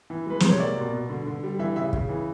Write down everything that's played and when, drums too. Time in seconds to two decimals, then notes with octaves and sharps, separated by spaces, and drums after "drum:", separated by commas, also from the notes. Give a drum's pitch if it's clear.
0.10 E3
0.26 G#3 B4
0.40 C3 C5, drum: snare
0.50 C#5
0.60 A#3 D5
0.77 B2
0.93 B2
1.09 D3
1.26 D3
1.43 G3
1.59 E3 E5
1.76 C#3 E5
1.93 C#3, drum: kick
2.09 E3